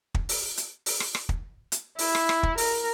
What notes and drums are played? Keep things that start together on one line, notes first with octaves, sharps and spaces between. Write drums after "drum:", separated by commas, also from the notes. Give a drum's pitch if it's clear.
drum: kick
drum: open hi-hat
drum: hi-hat
drum: open hi-hat
drum: rim click
drum: rim click
drum: kick
drum: hi-hat
E4, drum: open hi-hat
drum: rim click
drum: rim click
drum: kick
A#4, drum: open hi-hat